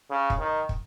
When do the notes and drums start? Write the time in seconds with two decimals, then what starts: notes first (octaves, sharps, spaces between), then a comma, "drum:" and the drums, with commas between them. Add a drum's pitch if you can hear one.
0.11 C#3
0.30 drum: kick
0.40 D#3
0.69 drum: kick